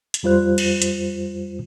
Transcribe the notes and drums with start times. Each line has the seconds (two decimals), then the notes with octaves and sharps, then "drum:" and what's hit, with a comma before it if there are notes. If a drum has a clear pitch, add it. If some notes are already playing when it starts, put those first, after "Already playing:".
0.14 drum: hi-hat
0.23 F2 G3 F4 C5 F#6
0.58 drum: cymbal
0.82 drum: hi-hat